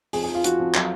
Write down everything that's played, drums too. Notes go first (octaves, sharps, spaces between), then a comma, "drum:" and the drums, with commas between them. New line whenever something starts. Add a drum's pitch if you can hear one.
F2 G#4, drum: open hi-hat
G#4
F3
F4
F3 F#4, drum: hi-hat
F2
F#3 F4, drum: clap